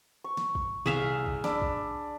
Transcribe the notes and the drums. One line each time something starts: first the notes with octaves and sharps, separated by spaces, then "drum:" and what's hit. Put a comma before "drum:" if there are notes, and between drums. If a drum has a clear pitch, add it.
C#6
drum: snare
drum: kick
C2 G#4 E5 F5
drum: kick
D4 B5 D6 E6, drum: snare
drum: kick